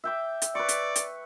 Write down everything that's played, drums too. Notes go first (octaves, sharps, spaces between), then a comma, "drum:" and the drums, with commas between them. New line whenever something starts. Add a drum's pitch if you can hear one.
E5 G5 D6
drum: hi-hat
B4 D5 C#6
drum: hi-hat
drum: hi-hat